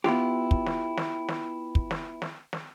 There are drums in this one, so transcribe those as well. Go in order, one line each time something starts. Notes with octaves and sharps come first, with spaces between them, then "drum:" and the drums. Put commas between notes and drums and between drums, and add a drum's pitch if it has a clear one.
B3 E4 F4 G4, drum: snare
drum: kick
drum: snare
drum: snare
drum: snare
drum: kick
drum: snare
drum: snare
drum: snare